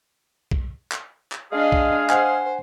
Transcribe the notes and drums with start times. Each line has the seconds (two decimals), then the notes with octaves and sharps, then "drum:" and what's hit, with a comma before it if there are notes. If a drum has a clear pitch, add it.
0.51 drum: kick B1
0.92 drum: clap
1.32 drum: clap
1.52 G#3 D4 G#4 D#5 F5
1.72 drum: kick B1
2.10 C5 F#5 G#5, drum: clap